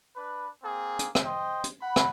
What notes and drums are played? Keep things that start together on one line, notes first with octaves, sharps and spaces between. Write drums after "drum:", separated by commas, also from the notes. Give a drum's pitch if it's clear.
D4 B4
A#3 C4 G#4
drum: hi-hat
drum: rim click
C5 D#5 G5
drum: hi-hat
F#5 B5
drum: rim click